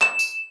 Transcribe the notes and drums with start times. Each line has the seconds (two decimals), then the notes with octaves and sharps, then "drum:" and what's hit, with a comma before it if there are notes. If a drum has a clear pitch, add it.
0.01 E7, drum: clap
0.19 drum: tambourine